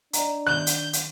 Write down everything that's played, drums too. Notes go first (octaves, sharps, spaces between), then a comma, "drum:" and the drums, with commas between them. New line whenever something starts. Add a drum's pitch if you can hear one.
D4 D5 D#5 A#5, drum: hi-hat
D#3 F#6 G6
drum: hi-hat
drum: hi-hat